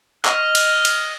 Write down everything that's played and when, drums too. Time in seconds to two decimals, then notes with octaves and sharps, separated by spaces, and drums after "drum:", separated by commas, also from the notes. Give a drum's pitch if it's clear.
0.25 D#5 F6, drum: clap
0.55 drum: cymbal
0.85 drum: cymbal